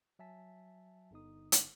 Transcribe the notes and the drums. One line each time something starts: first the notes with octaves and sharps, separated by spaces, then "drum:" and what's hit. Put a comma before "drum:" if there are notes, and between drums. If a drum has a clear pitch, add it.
F#3 E5 G#5 A5 B6
G1 D3 B3 D#4 D#6
drum: hi-hat